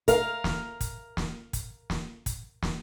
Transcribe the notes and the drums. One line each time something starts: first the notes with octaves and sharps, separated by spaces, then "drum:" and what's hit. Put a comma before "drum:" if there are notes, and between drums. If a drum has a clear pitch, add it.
A#4 F5, drum: kick, hi-hat
drum: snare
drum: kick, hi-hat
drum: snare
drum: kick, hi-hat
drum: snare
drum: kick, hi-hat
drum: snare